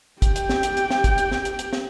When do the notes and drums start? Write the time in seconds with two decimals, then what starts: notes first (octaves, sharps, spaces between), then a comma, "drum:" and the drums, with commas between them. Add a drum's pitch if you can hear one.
0.22 G4 G5, drum: kick, hi-hat
0.36 drum: hi-hat
0.49 drum: snare
0.63 drum: hi-hat
0.77 drum: hi-hat
0.90 drum: snare
1.04 drum: kick, hi-hat
1.18 drum: hi-hat
1.32 drum: snare
1.45 drum: hi-hat
1.59 drum: hi-hat
1.73 drum: snare